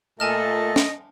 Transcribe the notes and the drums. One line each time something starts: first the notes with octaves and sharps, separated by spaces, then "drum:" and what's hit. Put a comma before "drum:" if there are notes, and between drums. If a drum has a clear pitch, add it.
A#2 A3 A4 D#5 G#5 A5 F6
drum: snare